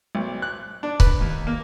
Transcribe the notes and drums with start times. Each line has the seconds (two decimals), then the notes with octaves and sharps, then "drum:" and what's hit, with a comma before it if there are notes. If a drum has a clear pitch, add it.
0.15 B1
0.42 F#6
0.83 D4
1.00 B4, drum: kick C#1
1.21 D#2
1.47 A#3